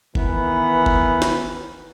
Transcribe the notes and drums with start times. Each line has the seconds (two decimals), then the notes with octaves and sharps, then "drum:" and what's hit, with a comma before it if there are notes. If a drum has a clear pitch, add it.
0.15 D#3 E3 B3 B4, drum: kick F#1
0.86 drum: kick F#1
1.22 drum: snare